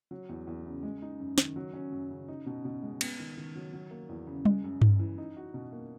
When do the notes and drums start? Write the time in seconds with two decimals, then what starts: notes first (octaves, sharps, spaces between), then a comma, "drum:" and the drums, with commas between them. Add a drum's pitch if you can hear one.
0.11 F#3
0.29 E2
0.47 E2
0.65 C#3
0.83 G#3
1.02 D#4
1.20 F#2
1.38 D#3, drum: snare
1.56 F#3
1.73 C#4
1.92 F#2
2.10 C#3
2.28 D#4
2.46 B2
2.65 B2
2.82 G#3
3.01 B3, drum: cymbal
3.19 D#3
3.37 D#3
3.55 F#3
3.73 F#3
3.91 A#3
4.09 E2
4.27 C#3
4.45 G#3, drum: tom G3
4.64 F#2
4.82 F#2, drum: tom G2
4.99 E3
5.18 D#4
5.37 F#4
5.54 B2
5.72 A#3